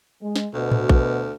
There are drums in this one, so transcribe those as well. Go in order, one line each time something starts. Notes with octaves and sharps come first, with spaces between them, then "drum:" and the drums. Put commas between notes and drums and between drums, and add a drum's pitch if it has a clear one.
G#3
drum: snare
D2 B2
drum: tom A2
drum: kick A#1